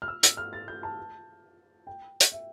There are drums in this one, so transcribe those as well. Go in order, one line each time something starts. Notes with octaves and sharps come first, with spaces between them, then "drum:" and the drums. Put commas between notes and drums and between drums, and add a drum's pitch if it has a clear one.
F6
E6
E6, drum: hi-hat
F6
A6
G6
A5
G5
drum: hi-hat
E5